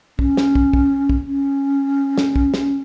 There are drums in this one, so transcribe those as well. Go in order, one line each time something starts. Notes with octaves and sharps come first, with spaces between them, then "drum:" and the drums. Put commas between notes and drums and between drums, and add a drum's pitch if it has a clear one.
C#4, drum: kick
drum: snare
drum: kick
drum: kick
drum: kick
C#4
drum: snare
drum: kick
drum: snare